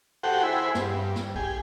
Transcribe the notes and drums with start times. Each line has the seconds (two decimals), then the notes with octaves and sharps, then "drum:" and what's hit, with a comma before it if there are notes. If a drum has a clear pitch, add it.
0.23 F#4 G4 A4 C5 F#5 G5
0.43 E4 G#4 C5 B5
0.75 G2, drum: snare
1.16 drum: snare
1.36 G4 G#4, drum: kick